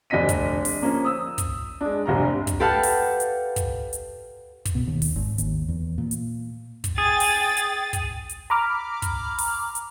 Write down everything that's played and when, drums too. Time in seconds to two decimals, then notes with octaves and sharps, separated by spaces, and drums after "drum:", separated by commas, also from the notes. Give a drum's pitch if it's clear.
0.10 F1 D3 D4 D#5 B6 D#7
0.29 drum: kick, hi-hat
0.65 drum: open hi-hat
0.82 F3 A#3 C#4
1.05 D#6 E6
1.38 drum: kick, hi-hat
1.81 G#3 D4
2.06 F1 C2 G2 A#5
2.47 drum: kick, hi-hat
2.60 G4 A4 B4 F5 F#5 A5
2.83 drum: open hi-hat
3.20 drum: hi-hat
3.56 drum: kick, hi-hat
3.93 drum: hi-hat
4.65 drum: kick, hi-hat
4.75 B2
4.87 D#2
5.02 drum: open hi-hat
5.16 G#1
5.38 D#2, drum: hi-hat
5.68 E2
5.98 A#2
6.11 drum: hi-hat
6.84 drum: kick, hi-hat
6.98 G#4 G5 A6
7.20 drum: open hi-hat
7.57 drum: hi-hat
7.93 drum: kick, hi-hat
8.29 drum: hi-hat
8.50 A#5 B5 D6 F6
9.02 drum: kick, hi-hat
9.39 drum: open hi-hat
9.75 drum: hi-hat